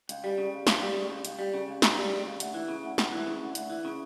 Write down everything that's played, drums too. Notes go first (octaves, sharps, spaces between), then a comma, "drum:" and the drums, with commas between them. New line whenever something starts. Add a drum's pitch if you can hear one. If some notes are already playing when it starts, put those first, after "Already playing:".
C#2, drum: hi-hat
G3
C#3
C#2
C#2, drum: snare
G3
C#3
C#2
C#2, drum: hi-hat
G3
C#3
C#2
C#2, drum: snare
G3
C#3
C#2
D2, drum: hi-hat
E3
C#3
D2
D2, drum: snare
E3
C#3
D2
D2, drum: hi-hat
E3
C#3